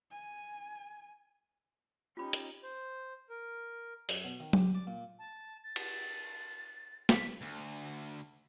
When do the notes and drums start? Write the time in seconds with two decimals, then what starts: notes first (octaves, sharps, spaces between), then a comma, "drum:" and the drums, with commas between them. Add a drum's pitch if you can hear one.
0.11 G#5
2.17 C#4 D#4 F4 G4 B5
2.33 drum: hi-hat
2.62 C5
3.30 A#4
4.09 F#2, drum: open hi-hat
4.25 B2
4.40 D#3
4.53 G4, drum: tom F#3
4.75 D5
4.87 A#2
5.19 A5
5.64 A6
5.76 drum: cymbal
7.09 B6, drum: snare
7.41 D2